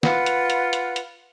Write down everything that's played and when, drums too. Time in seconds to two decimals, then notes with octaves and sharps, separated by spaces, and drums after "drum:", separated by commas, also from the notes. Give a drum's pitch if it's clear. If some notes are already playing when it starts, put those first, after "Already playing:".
0.03 F4 B4 F#5, drum: snare
0.26 drum: hi-hat
0.50 drum: hi-hat
0.73 drum: hi-hat
0.96 drum: hi-hat